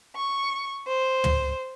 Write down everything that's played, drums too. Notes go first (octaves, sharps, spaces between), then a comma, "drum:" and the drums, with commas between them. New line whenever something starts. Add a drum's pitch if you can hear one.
C#6
C5
drum: tom